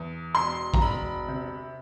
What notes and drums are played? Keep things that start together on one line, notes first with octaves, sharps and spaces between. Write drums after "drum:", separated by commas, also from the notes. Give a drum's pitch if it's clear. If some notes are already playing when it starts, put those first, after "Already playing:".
Already playing: E2
E1 C6
A#5, drum: kick A1
E1 B5
C3